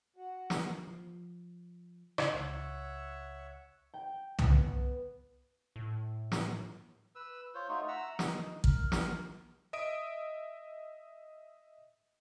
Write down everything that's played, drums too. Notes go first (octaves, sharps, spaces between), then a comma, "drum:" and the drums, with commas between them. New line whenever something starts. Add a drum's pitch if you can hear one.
F#4
drum: snare
F3
drum: rim click
C#2 C#5 E5 F#5
G5
B3, drum: tom C2
A2
drum: snare
B4 E6
F4 C5 C#5
A3 D#4 F4 F#4
E5 F#5 A#5 E6
D#4, drum: snare
A#4, drum: kick
drum: snare
D#5 E5 D#6 D7